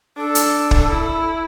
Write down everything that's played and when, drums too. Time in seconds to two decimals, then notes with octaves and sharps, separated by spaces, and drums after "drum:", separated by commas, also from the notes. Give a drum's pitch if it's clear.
0.16 D4 A4
0.35 drum: hi-hat
0.71 drum: kick
0.89 E4